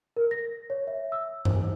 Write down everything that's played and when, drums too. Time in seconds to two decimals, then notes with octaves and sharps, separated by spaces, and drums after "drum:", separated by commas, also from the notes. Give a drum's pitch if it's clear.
0.16 A#4
0.31 A#6
0.70 C#5
0.87 E5
1.12 E6
1.45 C5, drum: tom G2